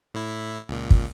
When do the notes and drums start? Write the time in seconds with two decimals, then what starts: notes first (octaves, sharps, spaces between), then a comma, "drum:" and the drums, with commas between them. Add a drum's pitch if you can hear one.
0.14 A2 E4
0.69 C#2 A#2
0.90 drum: kick